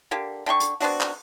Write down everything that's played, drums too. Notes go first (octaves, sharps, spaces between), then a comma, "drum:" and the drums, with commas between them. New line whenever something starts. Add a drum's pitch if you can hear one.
D3 A#3 G4
D3 G5 C6 C#6
drum: hi-hat
B3 C4 D4 F#4, drum: open hi-hat
drum: clap